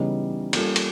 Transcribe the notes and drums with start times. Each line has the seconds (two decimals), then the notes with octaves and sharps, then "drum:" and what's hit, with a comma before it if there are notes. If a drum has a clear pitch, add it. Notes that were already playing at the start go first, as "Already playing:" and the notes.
Already playing: C#3 E3 G3 B3 D#4
0.53 G3 A#3 C#4 F4 A4, drum: cymbal
0.76 drum: cymbal